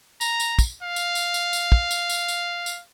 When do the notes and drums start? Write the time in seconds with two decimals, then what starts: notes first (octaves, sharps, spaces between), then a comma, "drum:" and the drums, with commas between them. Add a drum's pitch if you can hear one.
0.21 A#5, drum: tambourine
0.40 drum: tambourine
0.59 drum: kick, tambourine
0.83 F5
0.96 drum: tambourine
1.15 drum: tambourine
1.34 drum: tambourine
1.53 drum: tambourine
1.72 drum: kick
1.91 drum: tambourine
2.09 drum: tambourine
2.28 drum: tambourine
2.66 drum: tambourine